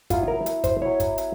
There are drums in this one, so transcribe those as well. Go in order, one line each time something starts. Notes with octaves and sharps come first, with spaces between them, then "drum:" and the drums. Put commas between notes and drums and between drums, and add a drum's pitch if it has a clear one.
F#3 B3 E4 F4, drum: kick, hi-hat
A#4
drum: hi-hat
C5, drum: kick, hi-hat
F#3 B3 E4 C#5
drum: kick, hi-hat
drum: hi-hat